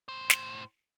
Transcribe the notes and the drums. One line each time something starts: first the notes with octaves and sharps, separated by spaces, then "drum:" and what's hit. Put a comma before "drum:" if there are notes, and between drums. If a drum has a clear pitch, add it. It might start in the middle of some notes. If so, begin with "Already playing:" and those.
A2 C5
drum: snare